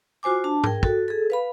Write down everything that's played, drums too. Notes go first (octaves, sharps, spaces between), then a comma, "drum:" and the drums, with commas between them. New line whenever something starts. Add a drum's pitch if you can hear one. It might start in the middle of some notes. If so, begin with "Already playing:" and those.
F4 F#4 C5 G#5 D6
D4 A5
G#4 A#4 G5, drum: tom G#2
F#4 A4, drum: kick
G#4 A4
B4 F5 B5